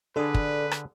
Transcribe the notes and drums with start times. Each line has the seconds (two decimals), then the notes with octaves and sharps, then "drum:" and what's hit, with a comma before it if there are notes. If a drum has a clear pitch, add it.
0.16 D3 D4 G#4 A4 B4 D5
0.34 drum: kick
0.71 drum: rim click